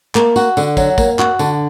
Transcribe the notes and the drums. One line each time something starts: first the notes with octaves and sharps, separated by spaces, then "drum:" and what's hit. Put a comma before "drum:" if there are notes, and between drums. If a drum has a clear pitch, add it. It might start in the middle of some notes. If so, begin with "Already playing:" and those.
A#3, drum: clap
F#4, drum: tambourine
D3, drum: tambourine
F#3, drum: kick, tambourine
A#3, drum: kick, tambourine
F#4, drum: clap
D3, drum: tambourine